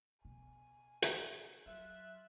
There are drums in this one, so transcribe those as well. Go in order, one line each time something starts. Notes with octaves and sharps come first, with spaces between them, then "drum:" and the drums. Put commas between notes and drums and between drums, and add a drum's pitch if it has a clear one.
B2 G#5
drum: hi-hat
F#3 F4 E5 F#6